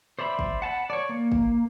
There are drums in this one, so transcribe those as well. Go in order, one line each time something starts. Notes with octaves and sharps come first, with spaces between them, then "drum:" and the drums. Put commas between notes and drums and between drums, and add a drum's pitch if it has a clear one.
C5 D5 E5 B5
drum: kick
F#5 A5 B5
C#5 D5
A#3
drum: kick